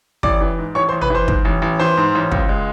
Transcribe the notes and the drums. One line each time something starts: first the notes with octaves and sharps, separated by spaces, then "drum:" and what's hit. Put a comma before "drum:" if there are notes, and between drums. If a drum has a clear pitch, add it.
A1 D5 D6, drum: kick
E3
G#2
A1 C#5 C#6
C5 C6
A1
B4 B5, drum: tom
E3 C5 C6
G#2, drum: kick
A1
A1
E3 C5 C6
G#2
A1
C#2, drum: kick
G#3